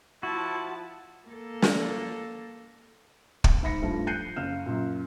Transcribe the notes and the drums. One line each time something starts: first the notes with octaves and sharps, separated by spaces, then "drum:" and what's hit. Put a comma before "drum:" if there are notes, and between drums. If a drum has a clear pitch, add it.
F3 E4 F#4 A5
A#3 A4
drum: snare
drum: kick
G#2 E5 B5 A#6 C#7
G2 F3 A3
F#6 G6 C7 C#7 D#7
F#1 F5 F6 E7
F#2 A#2